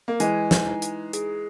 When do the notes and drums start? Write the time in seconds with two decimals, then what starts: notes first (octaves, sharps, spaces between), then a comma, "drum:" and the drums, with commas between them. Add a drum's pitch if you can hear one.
0.08 A#3
0.20 E3 G#3 G#5, drum: hi-hat
0.51 drum: snare
0.67 D#4
0.82 drum: hi-hat
1.13 G#4, drum: hi-hat